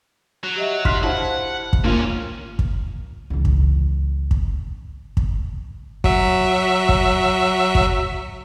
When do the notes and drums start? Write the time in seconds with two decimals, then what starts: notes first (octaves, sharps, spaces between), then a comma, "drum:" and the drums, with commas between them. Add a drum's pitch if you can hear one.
0.44 F#3
0.56 G4 D#5 E5
0.85 C6 F6 B6, drum: kick
1.03 E4 C5 F5 F#5 A5
1.73 drum: kick
1.84 D#2 A#3 C#4 F4
2.59 drum: kick
3.30 C#2 E3
3.45 drum: kick
4.31 drum: kick
5.17 drum: kick
6.04 F#3 E5, drum: kick
6.89 drum: kick
7.75 drum: kick